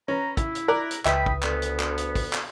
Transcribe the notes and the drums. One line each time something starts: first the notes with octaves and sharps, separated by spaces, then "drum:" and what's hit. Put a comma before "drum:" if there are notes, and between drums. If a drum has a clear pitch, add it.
C#4 B4 A#5
E4, drum: kick, hi-hat
drum: hi-hat
A#4 D5 F#6 A#6
drum: hi-hat
C#2 B4 E5 G5 B5 D#6, drum: clap
drum: kick
D2 B3, drum: clap
drum: hi-hat
drum: clap
drum: hi-hat
drum: kick, open hi-hat
drum: clap